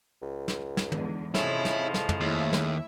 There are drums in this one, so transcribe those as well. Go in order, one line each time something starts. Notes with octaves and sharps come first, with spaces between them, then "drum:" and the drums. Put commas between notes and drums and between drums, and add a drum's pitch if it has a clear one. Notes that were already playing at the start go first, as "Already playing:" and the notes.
C#2
drum: snare
drum: snare
E2 G#2 D3, drum: tom
A2 C3 F3 G#3 C#4 E4, drum: snare
drum: snare
drum: snare
drum: tom
D#2 C#3 A3 E4 E5
drum: snare